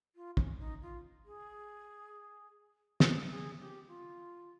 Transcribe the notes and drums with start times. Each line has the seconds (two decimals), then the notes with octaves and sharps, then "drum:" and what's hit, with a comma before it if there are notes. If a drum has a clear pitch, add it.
0.15 F4
0.37 C#4, drum: kick
0.59 D#4
0.82 F4
1.25 G#4
3.00 G#4, drum: snare
3.30 G#4
3.59 G4
3.88 F4